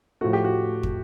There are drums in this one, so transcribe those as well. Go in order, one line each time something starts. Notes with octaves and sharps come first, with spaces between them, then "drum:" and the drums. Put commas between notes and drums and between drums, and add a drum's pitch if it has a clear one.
A2 F3 A3 F#4
G4
F#4
drum: kick